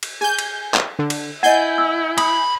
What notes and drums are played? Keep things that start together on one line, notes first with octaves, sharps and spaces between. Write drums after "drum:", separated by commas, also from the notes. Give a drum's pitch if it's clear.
drum: cymbal
G#4 G#5 G6
drum: cymbal
drum: clap
D3
drum: cymbal
E4 D#5 F#5 G#5 G6
E6
B5 D#6, drum: cymbal